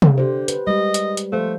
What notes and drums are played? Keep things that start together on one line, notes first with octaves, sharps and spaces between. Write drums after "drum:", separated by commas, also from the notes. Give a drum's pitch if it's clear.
drum: tom C3
D3 G4 C5
B4, drum: hi-hat
G3 G#3 G4 D#5
drum: hi-hat
drum: hi-hat
F3 A3 C5 F5